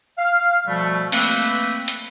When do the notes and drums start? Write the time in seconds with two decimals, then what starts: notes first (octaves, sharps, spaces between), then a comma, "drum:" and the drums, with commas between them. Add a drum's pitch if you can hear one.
0.18 F5
0.67 B2 F3 G3 A3
1.12 A3 A#3 C4 B4, drum: open hi-hat
1.88 drum: hi-hat